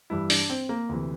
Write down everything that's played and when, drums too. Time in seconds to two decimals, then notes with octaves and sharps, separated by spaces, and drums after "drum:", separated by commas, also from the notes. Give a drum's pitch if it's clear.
0.10 G2 E3 G3 E4
0.30 D4, drum: open hi-hat
0.50 C4
0.69 A#3
0.89 D2 C3 E3